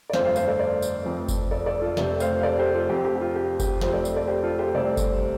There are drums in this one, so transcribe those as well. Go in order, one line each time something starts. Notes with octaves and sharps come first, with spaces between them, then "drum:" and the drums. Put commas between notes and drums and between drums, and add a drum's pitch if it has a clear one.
D5
G1 F2 F3 A3 C4 C5 F5, drum: snare
C5 F5
C5 F5, drum: tambourine
A4 D5
A4 D5
drum: tambourine
F1 F2 F3 C4
drum: kick F#1, tambourine
A4 D5
A4 D5
F4 A4
F1 F2 C3 A3 C4 A4 D5, drum: snare
C5 F5, drum: tambourine
F5
A4 D5
G4 C5
F4 A4
F2 F3 C4 G4
G4
G4
F4
G4
G4, drum: kick F#1, tambourine
F2 F3 A3 C4 G4 C5, drum: snare
A4 D5
drum: tambourine
A4 D5
G4 C5
F4 A4
G4 C5
C2 C3 A3 C4 A4 D5
drum: kick F#1, tambourine